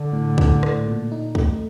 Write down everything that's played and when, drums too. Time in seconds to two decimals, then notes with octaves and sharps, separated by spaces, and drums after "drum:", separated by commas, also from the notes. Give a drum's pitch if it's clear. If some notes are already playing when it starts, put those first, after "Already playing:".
Already playing: D3
0.13 A2
0.38 A2, drum: kick
0.63 A2, drum: rim click
0.87 A#2
1.12 D#4
1.35 A3, drum: kick